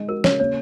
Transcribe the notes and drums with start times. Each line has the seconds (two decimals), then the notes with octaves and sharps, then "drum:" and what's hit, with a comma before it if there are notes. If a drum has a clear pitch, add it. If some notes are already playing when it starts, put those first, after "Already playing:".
Already playing: G#3 D#4
0.09 F#4 A#4
0.24 C#3 C#5, drum: snare
0.40 A#3 C#5